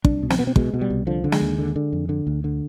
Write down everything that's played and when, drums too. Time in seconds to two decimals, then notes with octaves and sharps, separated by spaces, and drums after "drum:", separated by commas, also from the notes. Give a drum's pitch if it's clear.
0.05 C2 D4, drum: kick
0.23 B2
0.30 C4, drum: snare
0.39 B2 B3
0.47 C4
0.56 B2 G#3, drum: kick
0.74 B2
0.81 G3
0.90 C2
1.07 D3 F3
1.24 D3
1.32 G#3, drum: snare
1.42 D#2
1.59 D3
1.76 D3
1.92 F2
2.09 D3
2.27 D2
2.44 D3